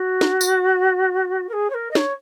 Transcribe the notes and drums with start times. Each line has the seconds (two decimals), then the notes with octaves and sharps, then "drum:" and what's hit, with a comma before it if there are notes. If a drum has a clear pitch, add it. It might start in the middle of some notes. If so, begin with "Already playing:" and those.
Already playing: F#4
0.21 drum: snare
0.41 drum: tambourine
1.49 A#4
1.53 G#4
1.70 C#5
1.74 A#4
1.91 D#5
1.95 C#5, drum: snare